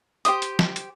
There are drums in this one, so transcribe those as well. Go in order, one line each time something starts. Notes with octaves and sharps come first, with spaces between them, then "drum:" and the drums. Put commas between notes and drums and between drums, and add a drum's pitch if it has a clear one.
G4 C5 D#5 D#6, drum: hi-hat
drum: hi-hat
drum: snare
drum: hi-hat